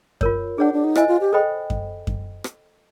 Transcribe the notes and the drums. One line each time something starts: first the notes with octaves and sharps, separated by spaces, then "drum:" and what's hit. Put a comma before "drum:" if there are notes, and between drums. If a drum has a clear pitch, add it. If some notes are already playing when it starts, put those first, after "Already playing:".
F4 A#4 C#5, drum: kick F#2
D4 G#4 C#5 F#5
D4
D#4
E4 C5 D#5 G#5, drum: rim click
F4
G4
G#4 A4 C5 D#5 G5 B5
drum: kick F#2
drum: kick F#2
drum: rim click